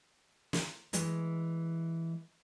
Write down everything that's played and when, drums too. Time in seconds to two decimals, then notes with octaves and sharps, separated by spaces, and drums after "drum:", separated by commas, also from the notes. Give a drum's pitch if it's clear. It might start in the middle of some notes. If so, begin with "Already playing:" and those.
0.53 drum: snare
0.93 E3 G#3, drum: hi-hat